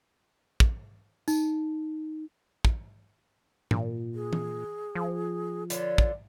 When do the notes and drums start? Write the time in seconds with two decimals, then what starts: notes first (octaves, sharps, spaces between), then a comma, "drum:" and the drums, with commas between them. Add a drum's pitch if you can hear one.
0.60 drum: kick
1.28 D#4, drum: tambourine
2.65 drum: kick
3.71 A#2, drum: tom G#2
4.15 G#4
4.33 drum: tom E3
4.95 F3
5.70 D3 F4 B4 C#5, drum: hi-hat
5.98 drum: kick